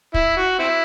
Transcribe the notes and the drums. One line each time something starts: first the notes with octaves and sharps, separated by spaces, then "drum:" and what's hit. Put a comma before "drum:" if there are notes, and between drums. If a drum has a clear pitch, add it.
E4, drum: kick
F#4
C4 E4